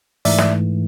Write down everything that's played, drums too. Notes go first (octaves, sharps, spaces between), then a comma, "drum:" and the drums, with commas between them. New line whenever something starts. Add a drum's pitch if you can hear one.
G#2 E3 A3 D5 E5, drum: open hi-hat
drum: snare